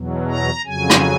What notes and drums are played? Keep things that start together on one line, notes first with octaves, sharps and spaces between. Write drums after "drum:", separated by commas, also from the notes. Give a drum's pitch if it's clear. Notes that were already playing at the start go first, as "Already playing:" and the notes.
Already playing: E2 B2 F#3
A#5
F2 C#3 F#3 G#5
drum: rim click